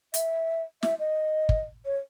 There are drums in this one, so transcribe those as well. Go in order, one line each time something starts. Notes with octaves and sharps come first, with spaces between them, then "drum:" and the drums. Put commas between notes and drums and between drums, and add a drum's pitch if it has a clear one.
E5, drum: hi-hat
E5, drum: snare
D#5
drum: kick
C#5